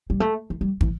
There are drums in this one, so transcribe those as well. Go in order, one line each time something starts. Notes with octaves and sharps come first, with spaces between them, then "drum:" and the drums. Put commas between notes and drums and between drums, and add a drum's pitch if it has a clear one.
G3
A3
E3
G3
E3, drum: kick